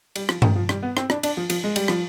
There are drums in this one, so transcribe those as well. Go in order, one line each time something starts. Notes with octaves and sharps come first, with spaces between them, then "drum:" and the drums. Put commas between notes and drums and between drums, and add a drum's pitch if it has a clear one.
G3, drum: cymbal
F3, drum: rim click
D#3, drum: tom G2
F3
G3, drum: rim click
B3
C4, drum: rim click
D4, drum: rim click
D4, drum: cymbal
F3
F3, drum: cymbal
G#3
G3, drum: cymbal
F3, drum: rim click